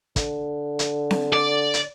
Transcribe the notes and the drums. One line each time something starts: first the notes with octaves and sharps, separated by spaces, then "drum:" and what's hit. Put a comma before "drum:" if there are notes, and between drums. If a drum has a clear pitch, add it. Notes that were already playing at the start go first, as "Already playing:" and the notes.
D3, drum: kick, hi-hat
drum: hi-hat
drum: snare C4
D5
drum: hi-hat